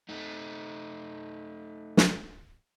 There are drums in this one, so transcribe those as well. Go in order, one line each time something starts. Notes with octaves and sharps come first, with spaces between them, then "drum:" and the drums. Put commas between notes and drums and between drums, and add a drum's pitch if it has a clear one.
A3 D#4
drum: snare